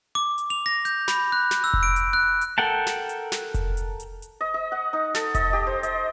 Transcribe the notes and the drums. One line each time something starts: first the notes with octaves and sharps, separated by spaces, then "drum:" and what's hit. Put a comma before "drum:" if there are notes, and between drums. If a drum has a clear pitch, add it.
D6
drum: hi-hat
F7
A#6
G6, drum: hi-hat
B5, drum: snare
F#6
drum: snare
E6
drum: kick F1
D7
drum: hi-hat
F#6
drum: hi-hat
A4 A#4 F#5 G5 A5
drum: snare
drum: hi-hat
drum: snare
drum: kick F1, hi-hat
drum: hi-hat
drum: hi-hat
drum: hi-hat
D#5
D#5
F#5
D#4
A4, drum: snare
D#5, drum: kick F1, hi-hat
G4
C5
D#5, drum: hi-hat